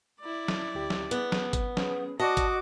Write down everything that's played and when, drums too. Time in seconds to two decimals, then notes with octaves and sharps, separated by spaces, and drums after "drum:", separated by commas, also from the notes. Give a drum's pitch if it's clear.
0.21 E4 D5
0.48 drum: snare
0.75 D2 G4
0.90 drum: snare
1.11 B3 G#4, drum: hi-hat
1.32 drum: snare
1.53 drum: kick G#1, hi-hat
1.77 C#4 G#4 B4, drum: snare
2.20 F#4 D5 D#5 A5 D6
2.37 drum: kick G#1, hi-hat